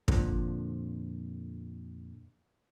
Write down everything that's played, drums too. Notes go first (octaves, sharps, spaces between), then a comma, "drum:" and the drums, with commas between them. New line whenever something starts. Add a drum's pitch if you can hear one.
F2 A#2 D3 F3, drum: kick